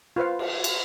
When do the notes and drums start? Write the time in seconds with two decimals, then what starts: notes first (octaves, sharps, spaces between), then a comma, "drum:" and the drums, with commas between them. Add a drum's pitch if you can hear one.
0.16 F4 B4 C5 F5
0.39 drum: cymbal
0.64 drum: cymbal